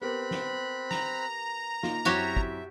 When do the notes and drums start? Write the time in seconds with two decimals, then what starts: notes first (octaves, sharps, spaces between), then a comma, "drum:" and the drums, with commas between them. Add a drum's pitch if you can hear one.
0.02 B3 C4 G4 A#4 B5 F#6
0.31 drum: snare
0.91 A#5, drum: snare
1.83 A#3 D#4 F4, drum: snare
2.05 F#2 C4 E4 F#4 G4 C#5 E5
2.37 drum: kick